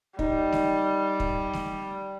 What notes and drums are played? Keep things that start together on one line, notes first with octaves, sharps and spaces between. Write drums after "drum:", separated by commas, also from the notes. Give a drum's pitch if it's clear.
G3 D#4, drum: kick
drum: snare A3
drum: kick
drum: snare A3